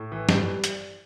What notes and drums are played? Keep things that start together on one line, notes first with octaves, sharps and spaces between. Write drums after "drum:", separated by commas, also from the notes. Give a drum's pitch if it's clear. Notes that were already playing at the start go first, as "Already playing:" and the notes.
Already playing: A2
E3
G2 G3, drum: snare
drum: hi-hat